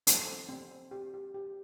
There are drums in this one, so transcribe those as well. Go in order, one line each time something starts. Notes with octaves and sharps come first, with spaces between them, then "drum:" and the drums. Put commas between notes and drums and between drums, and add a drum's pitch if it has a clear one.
C4 A4, drum: hi-hat
C4
C4
C4
G4
G4
G4